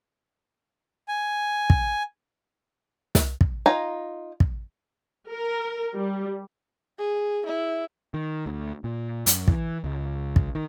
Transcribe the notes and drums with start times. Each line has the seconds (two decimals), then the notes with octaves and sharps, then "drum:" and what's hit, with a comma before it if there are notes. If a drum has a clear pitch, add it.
1.08 G#5
1.70 drum: kick
3.15 drum: snare
3.41 drum: kick
3.66 D#4 F4 G#5 A#5
4.40 drum: kick
5.30 A#4
5.95 G3
6.99 G#4
7.47 E4
8.14 D#3
8.46 D2
8.84 A#2
9.26 F#2, drum: hi-hat
9.48 E3, drum: kick
9.84 C#2
10.36 drum: kick
10.55 D#3